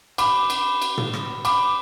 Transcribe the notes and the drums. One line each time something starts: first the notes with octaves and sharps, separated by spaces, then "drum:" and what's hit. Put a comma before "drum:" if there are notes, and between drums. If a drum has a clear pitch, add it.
B5 D6, drum: cymbal
drum: cymbal
drum: cymbal
drum: tom
drum: rim click
B5 D6, drum: cymbal